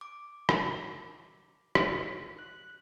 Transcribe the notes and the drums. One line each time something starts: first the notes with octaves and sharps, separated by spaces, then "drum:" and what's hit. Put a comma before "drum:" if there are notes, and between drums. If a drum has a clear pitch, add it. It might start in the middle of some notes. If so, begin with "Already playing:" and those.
D6
drum: rim click
drum: rim click
F#6